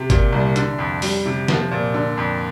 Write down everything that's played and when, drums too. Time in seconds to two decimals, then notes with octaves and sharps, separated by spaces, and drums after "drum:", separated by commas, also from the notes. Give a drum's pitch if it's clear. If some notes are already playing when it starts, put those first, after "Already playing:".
Already playing: C3
0.10 A#2, drum: kick G1, hi-hat
0.32 C2
0.56 D3, drum: hi-hat
0.79 F2
1.02 G3, drum: open hi-hat
1.25 C3
1.48 F3, drum: snare
1.71 A#2
1.94 D3
2.17 F2